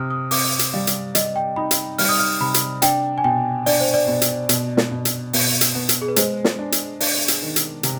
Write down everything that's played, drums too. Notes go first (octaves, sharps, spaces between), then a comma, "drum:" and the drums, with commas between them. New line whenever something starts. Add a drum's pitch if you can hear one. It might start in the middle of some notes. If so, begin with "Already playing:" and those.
Already playing: C3 C4 D#6 F6
D#6
C4 D6, drum: open hi-hat
drum: hi-hat
G3 F5
drum: hi-hat
G3 D#5, drum: hi-hat
G5
D#4 B5
drum: hi-hat
G3 F6, drum: open hi-hat
D#6
F6
C3 B5
drum: hi-hat
D4 G5, drum: hi-hat
G#5
B2 G5
D4 D5, drum: open hi-hat
C5
D5
B2
drum: hi-hat
B2, drum: hi-hat
drum: snare
B2
drum: hi-hat
B2, drum: open hi-hat
drum: hi-hat
B3
drum: hi-hat
G#4
B4
G#3 C5, drum: hi-hat
drum: snare
D4
drum: hi-hat
D4, drum: open hi-hat
drum: hi-hat
D#3
drum: hi-hat
C3, drum: hi-hat